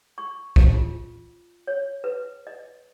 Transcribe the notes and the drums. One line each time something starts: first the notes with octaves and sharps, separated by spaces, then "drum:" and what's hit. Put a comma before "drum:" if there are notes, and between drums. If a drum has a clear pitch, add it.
C#6
drum: kick
F4
C#5
B4
D#5